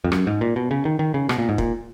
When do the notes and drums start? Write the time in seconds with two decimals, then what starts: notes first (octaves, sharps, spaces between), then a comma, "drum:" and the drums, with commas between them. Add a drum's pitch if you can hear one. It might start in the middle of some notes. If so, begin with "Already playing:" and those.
0.04 F2
0.12 F#2, drum: rim click
0.27 G#2
0.41 A#2
0.56 B2
0.71 C#3
0.85 D#3
0.99 D#3
1.14 C#3
1.29 B2, drum: rim click
1.38 A#2
1.49 G#2
1.58 A#2, drum: kick